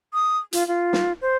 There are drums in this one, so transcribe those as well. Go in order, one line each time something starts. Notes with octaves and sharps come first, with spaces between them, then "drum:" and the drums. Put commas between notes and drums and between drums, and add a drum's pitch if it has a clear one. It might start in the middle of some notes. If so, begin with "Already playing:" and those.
D#6
F4, drum: hi-hat
F4
drum: snare
C5